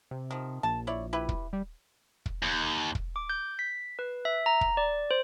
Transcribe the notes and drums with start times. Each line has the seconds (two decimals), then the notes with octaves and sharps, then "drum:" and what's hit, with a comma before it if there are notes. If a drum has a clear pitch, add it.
0.11 C3
0.31 D#3 F3
0.63 A#1 A5
0.87 E4 C#5 D5
1.13 E4 G4 B4
1.29 drum: kick
1.53 G3
2.26 drum: kick
2.43 D#2
2.95 drum: kick
3.16 D6
3.30 G6
3.59 B6
3.99 B4
4.25 E5
4.46 A#5
4.61 drum: kick
4.77 D5
5.11 C5